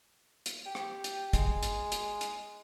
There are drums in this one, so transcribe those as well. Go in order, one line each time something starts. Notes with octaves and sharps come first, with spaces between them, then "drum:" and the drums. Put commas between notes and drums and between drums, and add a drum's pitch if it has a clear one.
drum: hi-hat
G4
drum: rim click
drum: hi-hat
G#3, drum: kick, hi-hat
drum: hi-hat
drum: hi-hat
drum: hi-hat